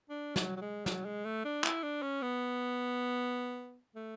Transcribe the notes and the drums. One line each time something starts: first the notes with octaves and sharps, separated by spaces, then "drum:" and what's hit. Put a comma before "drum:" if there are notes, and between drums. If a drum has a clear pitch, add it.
D4
F#3, drum: snare
F#3
G#3
F#3, drum: snare
G#3
A3
D4
E4, drum: clap
D4
C#4
B3
A3